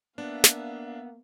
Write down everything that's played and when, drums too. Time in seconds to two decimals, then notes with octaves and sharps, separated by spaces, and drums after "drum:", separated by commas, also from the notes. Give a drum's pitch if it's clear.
0.18 A#3 B3 D4 E5 F5
0.44 drum: snare